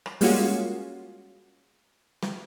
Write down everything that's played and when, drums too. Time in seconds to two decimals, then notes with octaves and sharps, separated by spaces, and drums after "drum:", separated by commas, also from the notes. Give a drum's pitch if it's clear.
0.06 drum: rim click
0.21 G3 G#3 A#3 C#4 F4 F#4, drum: open hi-hat
2.23 drum: snare